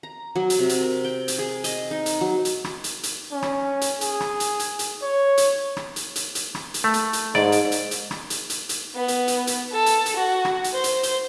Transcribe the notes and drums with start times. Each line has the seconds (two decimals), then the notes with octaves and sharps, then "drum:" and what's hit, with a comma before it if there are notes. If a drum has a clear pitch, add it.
0.03 A#5
0.36 F#3
0.50 drum: hi-hat
0.59 C3
0.69 drum: hi-hat
0.81 A#4
1.05 G5
1.28 drum: hi-hat
1.39 G#4
1.64 D#5, drum: hi-hat
1.91 D#4
2.06 drum: hi-hat
2.21 F#3
2.45 drum: hi-hat
2.64 drum: rim click
2.84 drum: hi-hat
3.03 drum: hi-hat
3.33 C#4
3.42 drum: rim click
3.81 drum: hi-hat
4.01 G#4, drum: hi-hat
4.20 drum: rim click
4.40 drum: hi-hat
4.59 drum: hi-hat
4.79 drum: hi-hat
5.03 C#5
5.38 drum: hi-hat
5.77 drum: rim click
5.96 drum: hi-hat
6.16 drum: hi-hat
6.35 drum: hi-hat
6.55 drum: rim click
6.74 drum: hi-hat
6.84 A3
6.94 drum: hi-hat
7.13 drum: hi-hat
7.35 G#2 D5, drum: rim click
7.52 drum: hi-hat
7.72 drum: hi-hat
7.91 drum: hi-hat
8.11 drum: rim click
8.30 drum: hi-hat
8.50 drum: hi-hat
8.69 drum: hi-hat
8.95 B3
9.08 drum: hi-hat
9.28 drum: hi-hat
9.47 drum: hi-hat
9.72 A4
9.86 drum: hi-hat
10.06 drum: hi-hat
10.17 F#4
10.45 drum: rim click
10.64 drum: hi-hat
10.73 C5
10.84 drum: hi-hat
11.03 drum: hi-hat